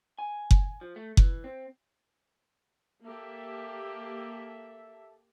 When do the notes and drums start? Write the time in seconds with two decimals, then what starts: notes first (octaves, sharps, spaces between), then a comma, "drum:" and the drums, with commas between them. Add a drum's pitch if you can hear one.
0.19 G#5
0.51 drum: kick F#1
0.81 F3
0.96 A3
1.17 E3, drum: kick F#1
1.44 C4
3.05 A#3 G4 A4 E5